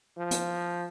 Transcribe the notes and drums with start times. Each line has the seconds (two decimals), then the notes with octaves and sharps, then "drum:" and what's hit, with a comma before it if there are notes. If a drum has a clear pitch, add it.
0.17 F3
0.31 drum: hi-hat